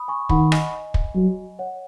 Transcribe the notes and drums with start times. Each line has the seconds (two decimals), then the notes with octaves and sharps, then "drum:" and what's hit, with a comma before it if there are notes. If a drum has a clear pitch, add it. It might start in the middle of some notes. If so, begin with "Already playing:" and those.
Already playing: B5 D#6
0.08 G#5 C#6
0.29 D#3 F#5 B5, drum: kick
0.52 D#5 G#5, drum: rim click
0.94 drum: kick
1.16 F#3
1.59 C#5 F#5